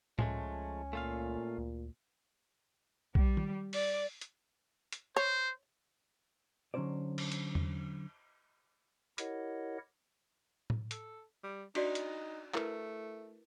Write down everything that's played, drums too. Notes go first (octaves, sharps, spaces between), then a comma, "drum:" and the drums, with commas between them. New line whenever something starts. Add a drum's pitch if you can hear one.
C#2 F3 G#3 A3 C#4, drum: tom A2
A#2 A3 F4 F5
D2
G3, drum: kick
drum: tom D#3
D5, drum: open hi-hat
drum: hi-hat
drum: hi-hat
C5 C#5
D3 F#3 C#4 D#4 C5 D5
drum: cymbal
drum: hi-hat
drum: tom E2
E4 G4 A#4 C#5 D#5 F#5, drum: hi-hat
drum: tom A2
A4, drum: hi-hat
G3
D4 D#4 F#4 D5, drum: cymbal
drum: hi-hat
A3 E4 A#4 B4, drum: clap